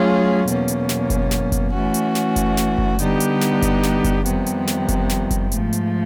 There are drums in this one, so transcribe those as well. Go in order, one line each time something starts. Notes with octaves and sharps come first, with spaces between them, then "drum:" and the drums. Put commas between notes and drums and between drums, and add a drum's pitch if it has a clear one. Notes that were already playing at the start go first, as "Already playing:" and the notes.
Already playing: F#3 A3 C#4 F4 G#4
E2 B2 F#3 A#3 C#4, drum: hi-hat
drum: hi-hat
drum: snare
drum: kick F#1, hi-hat
drum: snare
drum: kick F#1, hi-hat
E3 A3 C#4 F#4
drum: hi-hat
drum: snare
drum: kick F#1, hi-hat
drum: snare
drum: kick F#1
D3 G3 B3 D#4 G4, drum: hi-hat
drum: hi-hat
drum: snare
drum: kick F#1, hi-hat
drum: snare
drum: kick F#1, hi-hat
F2 C3 D#3 G3 B3, drum: hi-hat
drum: hi-hat
drum: snare
drum: kick F#1, hi-hat
drum: snare
drum: kick F#1, hi-hat
G#2 F3 A3, drum: hi-hat
drum: hi-hat